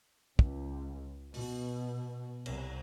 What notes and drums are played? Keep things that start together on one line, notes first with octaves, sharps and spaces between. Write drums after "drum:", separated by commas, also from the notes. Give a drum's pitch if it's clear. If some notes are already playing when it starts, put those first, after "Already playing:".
C#2, drum: kick
B2, drum: open hi-hat
C2, drum: cymbal